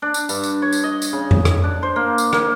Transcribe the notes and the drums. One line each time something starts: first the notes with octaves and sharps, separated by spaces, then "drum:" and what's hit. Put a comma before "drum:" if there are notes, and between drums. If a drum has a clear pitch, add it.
D4
drum: tambourine
G2, drum: tambourine
drum: tambourine
C#5
drum: tambourine
D#5
drum: tambourine
C#3
drum: tom F2
drum: rim click
D4
C5
A#3
drum: tambourine
A#3, drum: rim click